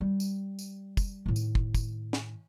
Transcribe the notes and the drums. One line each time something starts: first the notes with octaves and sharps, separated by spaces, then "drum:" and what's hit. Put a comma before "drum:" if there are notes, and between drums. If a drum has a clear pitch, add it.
G3
drum: tambourine
drum: tambourine
drum: kick, tambourine
A2 D#3
drum: tambourine
drum: kick
drum: kick, tambourine
drum: snare